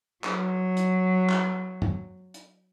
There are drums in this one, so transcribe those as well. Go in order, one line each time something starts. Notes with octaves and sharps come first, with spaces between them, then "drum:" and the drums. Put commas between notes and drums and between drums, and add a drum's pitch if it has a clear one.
F#3, drum: clap
drum: hi-hat
drum: clap
drum: tom F#2
drum: hi-hat